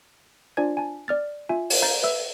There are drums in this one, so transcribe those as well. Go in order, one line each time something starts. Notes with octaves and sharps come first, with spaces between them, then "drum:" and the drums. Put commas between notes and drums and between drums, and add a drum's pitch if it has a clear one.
D4 F4 C5 D5 G#5 G#6
G#5 A5
D5 F6 A6
F4 E5 G#5
drum: open hi-hat
F5 A#5 G6 A6
B4 E5 E6